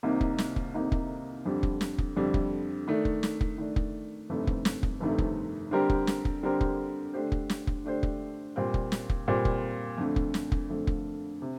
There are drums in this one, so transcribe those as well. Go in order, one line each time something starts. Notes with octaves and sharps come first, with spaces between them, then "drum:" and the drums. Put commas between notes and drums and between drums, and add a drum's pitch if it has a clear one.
C2 C3 D#3 A#3 D#4
drum: kick
drum: snare
drum: kick
C2 C3 D#3 A#3 D#4
drum: kick
F2 D3 G3
drum: kick
drum: snare
drum: kick
F2 D3 G3
drum: kick
D#3 A3 D4
drum: kick
drum: snare
drum: kick
D#3 A3 D4
drum: kick
G1 F2 C3 D#3 A3
drum: kick
drum: snare
drum: kick
G1 F2 C3 D#3 A3
drum: kick
D3 G3 C4 G4 A#4
drum: kick
drum: snare
drum: kick
D3 G3 C4 G4 A#4
drum: kick
D3 A3 D4 G4 C5
drum: kick
drum: snare
drum: kick
D3 A3 D4 G4 C5
drum: kick
A#2 G3 C4
drum: kick
drum: snare
drum: kick
A#2 G3 C4
drum: kick
F2 D3 A3
drum: kick
drum: snare
drum: kick
F2 D3 A3
drum: kick
C3